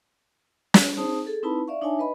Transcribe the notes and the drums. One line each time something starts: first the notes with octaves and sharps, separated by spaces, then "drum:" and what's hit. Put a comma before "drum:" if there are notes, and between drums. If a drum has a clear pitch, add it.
drum: snare
C4 D#4 G#4 C5 A5 D#6
G#4 A4
C4 D#4 E4 B4 A5 B5
D5 E5 F5 C#6
D4 D#4 C#5 E5 G#5 A5
B4 D#5 B5